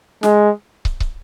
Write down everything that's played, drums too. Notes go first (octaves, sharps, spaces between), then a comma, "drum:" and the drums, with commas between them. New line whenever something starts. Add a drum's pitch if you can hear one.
G#3, drum: snare
drum: kick
drum: kick